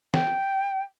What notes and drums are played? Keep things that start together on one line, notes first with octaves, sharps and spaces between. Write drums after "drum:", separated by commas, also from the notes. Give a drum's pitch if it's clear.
G5, drum: snare